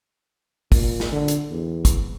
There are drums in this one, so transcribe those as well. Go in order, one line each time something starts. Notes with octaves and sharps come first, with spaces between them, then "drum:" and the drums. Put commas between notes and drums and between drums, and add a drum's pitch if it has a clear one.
A#2, drum: kick, open hi-hat
drum: snare
D3
drum: hi-hat
E2
drum: kick, hi-hat